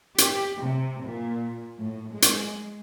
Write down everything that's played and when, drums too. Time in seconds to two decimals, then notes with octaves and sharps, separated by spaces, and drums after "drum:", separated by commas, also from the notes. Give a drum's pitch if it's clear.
0.18 G4, drum: hi-hat
0.61 C3
1.03 A#2
1.79 A2
2.12 G#3
2.22 drum: hi-hat